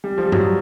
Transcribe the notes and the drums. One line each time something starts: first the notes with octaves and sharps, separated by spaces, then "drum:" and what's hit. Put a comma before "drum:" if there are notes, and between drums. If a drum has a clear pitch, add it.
G3
F3
G3
F#3, drum: tom G2